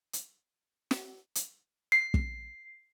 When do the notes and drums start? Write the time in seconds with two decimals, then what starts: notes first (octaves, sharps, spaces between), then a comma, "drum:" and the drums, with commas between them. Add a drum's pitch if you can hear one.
0.13 drum: hi-hat
0.91 drum: snare
1.35 drum: hi-hat
1.92 C7
2.14 drum: kick